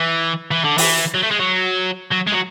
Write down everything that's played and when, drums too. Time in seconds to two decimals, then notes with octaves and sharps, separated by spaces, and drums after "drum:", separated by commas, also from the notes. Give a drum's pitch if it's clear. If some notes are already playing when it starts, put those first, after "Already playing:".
Already playing: E3
0.51 E3
0.64 D3
0.78 E3, drum: open hi-hat
1.14 F#3
1.23 A3
1.31 G#3
1.40 F#3
2.11 F#3
2.27 G#3
2.32 F#3